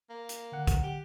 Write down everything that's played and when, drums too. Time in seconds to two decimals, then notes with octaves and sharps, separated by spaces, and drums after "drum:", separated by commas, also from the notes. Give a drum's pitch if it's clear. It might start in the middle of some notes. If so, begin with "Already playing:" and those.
0.10 A#3
0.29 drum: hi-hat
0.52 D3 F#5
0.67 drum: kick, hi-hat
0.83 G4